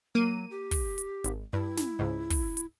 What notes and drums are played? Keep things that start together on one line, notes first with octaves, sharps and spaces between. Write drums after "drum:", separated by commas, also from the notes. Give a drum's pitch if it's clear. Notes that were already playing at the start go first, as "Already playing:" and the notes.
F#3 A#3 D#7
G4
drum: kick, open hi-hat
drum: hi-hat
G#1, drum: hi-hat
G2 E4
drum: snare
C#2 G#2
drum: kick, open hi-hat
drum: hi-hat